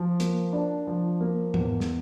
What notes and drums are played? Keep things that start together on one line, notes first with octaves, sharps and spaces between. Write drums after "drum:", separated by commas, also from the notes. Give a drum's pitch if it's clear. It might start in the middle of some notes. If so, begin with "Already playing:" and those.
Already playing: F3
A#3, drum: hi-hat
D4
F3
A#3
E2, drum: tom G#2
drum: snare